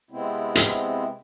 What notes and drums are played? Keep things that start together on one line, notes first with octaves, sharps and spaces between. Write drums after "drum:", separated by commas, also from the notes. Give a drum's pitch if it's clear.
C3 G#3 B3 C4 E4
drum: hi-hat